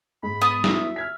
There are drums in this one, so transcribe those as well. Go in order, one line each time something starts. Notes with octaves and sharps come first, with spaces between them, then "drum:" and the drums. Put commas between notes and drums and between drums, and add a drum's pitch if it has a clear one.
G#2 B5
B3 D#6
E4 F#4 E5, drum: snare
F6 G#6 B6